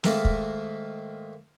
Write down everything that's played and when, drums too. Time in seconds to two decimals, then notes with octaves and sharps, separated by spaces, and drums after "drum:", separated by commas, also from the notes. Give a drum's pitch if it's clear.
0.04 G#2 D#3 A3 A#3, drum: snare
0.25 drum: kick